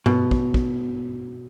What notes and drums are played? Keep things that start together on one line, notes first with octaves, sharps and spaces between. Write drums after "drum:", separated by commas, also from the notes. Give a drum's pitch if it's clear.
B2, drum: tom G2
drum: kick
drum: kick